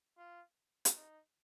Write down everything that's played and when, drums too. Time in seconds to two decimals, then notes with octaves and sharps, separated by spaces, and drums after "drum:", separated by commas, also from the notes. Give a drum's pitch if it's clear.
0.17 F4
0.85 drum: hi-hat
0.97 D#4